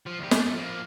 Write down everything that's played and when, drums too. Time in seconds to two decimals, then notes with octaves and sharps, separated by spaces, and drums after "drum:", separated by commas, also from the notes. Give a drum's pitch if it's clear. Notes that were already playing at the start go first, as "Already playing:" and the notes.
0.07 F3
0.20 D2 G4
0.31 F2 A3, drum: snare
0.54 F3 A#3